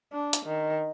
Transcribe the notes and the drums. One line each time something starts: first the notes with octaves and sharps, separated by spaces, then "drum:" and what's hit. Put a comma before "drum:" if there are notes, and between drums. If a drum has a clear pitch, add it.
D4
drum: hi-hat
D#3